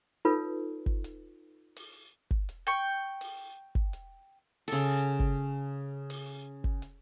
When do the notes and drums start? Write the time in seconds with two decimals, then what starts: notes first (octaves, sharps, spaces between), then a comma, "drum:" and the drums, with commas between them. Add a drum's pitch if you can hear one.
0.25 D#4 F4 A4 B4 C#5
0.86 drum: kick
1.04 drum: hi-hat
1.76 drum: open hi-hat
2.31 drum: kick
2.49 drum: hi-hat
2.67 G5 C#6
3.21 drum: open hi-hat
3.75 drum: kick
3.93 drum: hi-hat
4.68 C#3 A4, drum: open hi-hat
5.20 drum: kick
6.10 drum: open hi-hat
6.64 drum: kick
6.82 drum: hi-hat